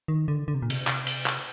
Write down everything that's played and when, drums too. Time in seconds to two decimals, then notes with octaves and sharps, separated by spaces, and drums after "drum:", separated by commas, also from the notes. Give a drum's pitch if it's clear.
0.08 D#3
0.28 D3
0.48 D3
0.54 C3
0.62 A#2
0.70 C3, drum: cymbal
0.87 drum: clap
1.07 drum: cymbal
1.26 drum: clap